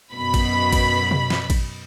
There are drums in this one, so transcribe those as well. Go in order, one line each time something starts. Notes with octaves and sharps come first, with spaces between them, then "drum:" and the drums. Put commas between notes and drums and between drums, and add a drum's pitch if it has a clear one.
F#2 B2 B5
drum: kick A1, cymbal
drum: kick A1, cymbal
drum: tom B2
drum: snare
drum: kick A1, cymbal